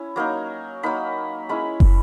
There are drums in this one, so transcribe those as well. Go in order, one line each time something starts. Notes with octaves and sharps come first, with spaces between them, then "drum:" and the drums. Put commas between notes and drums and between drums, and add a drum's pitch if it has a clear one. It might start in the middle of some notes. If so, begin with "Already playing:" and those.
Already playing: C#4 E4
F#3 A#3 D#4
F#3 A#3 D#4 B5
G#3 C#4 E4 B5
drum: kick